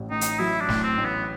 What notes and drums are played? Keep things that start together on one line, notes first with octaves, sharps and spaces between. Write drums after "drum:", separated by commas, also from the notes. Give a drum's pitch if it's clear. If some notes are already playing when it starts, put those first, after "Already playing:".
Already playing: A1 A2
A1 D#4
drum: hi-hat
F#3 E4
D4
A2, drum: snare
C4
A1
B3